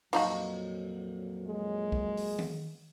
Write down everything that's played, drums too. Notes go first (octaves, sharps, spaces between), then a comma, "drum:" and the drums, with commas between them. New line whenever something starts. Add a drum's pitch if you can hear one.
F2 A#2 F3 F#3 D#4 F#4, drum: cymbal
G#3
drum: kick B1
drum: open hi-hat
drum: tom D#3